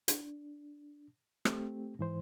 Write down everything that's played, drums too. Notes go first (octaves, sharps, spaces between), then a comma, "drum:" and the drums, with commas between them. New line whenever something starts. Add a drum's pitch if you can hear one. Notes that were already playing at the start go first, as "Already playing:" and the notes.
D4, drum: hi-hat
A3 C4 G4, drum: rim click
G#2 E3 C5